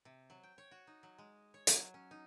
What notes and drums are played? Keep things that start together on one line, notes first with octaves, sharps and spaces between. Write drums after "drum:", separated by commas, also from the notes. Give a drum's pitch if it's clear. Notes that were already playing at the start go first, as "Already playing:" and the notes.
C3
F#3
G5
C#5
F#4
D#4
F#3
G#3
C#5
F#3, drum: hi-hat
C#4
D#4